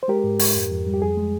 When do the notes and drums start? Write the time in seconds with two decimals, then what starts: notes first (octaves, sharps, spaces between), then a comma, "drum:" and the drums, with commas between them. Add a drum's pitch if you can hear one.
0.03 C5
0.08 G#3 G4 A#4
0.24 G#2
0.39 G#2, drum: open hi-hat
0.55 F2
0.71 F2
0.87 G3
0.94 G4
1.02 F2 G#4
1.17 G#3